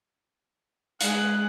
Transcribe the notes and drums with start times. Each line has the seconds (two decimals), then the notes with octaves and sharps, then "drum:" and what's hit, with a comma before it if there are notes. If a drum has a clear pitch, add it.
1.01 G#3 G#4 F#6, drum: hi-hat